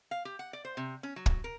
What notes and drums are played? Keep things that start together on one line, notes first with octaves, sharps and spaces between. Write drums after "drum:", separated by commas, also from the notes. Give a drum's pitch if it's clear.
F5
G4
F#5
D5
C5
C3
C#4
F#3
drum: kick
A#4